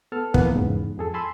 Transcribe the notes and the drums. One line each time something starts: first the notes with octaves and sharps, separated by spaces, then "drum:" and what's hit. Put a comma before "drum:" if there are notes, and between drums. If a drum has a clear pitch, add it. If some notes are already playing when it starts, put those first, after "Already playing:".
B3 A4 A5 F6
E3 A#3 B3, drum: kick
E2 G#2 C#3
F2 G#4 A4
G#5 A5 B5 C6 E6